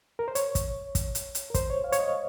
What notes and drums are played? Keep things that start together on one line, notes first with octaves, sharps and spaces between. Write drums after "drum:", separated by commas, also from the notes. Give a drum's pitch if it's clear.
A#4
C5
C#5, drum: hi-hat
drum: kick, hi-hat
drum: kick, hi-hat
drum: hi-hat
drum: hi-hat
A#4
C5, drum: kick, hi-hat
C#5
F5
C#5, drum: hi-hat
D#5